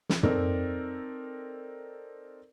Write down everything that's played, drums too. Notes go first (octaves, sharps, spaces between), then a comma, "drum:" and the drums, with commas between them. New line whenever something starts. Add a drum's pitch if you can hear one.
drum: snare
C4 D#4 A4 A#4 D5, drum: tom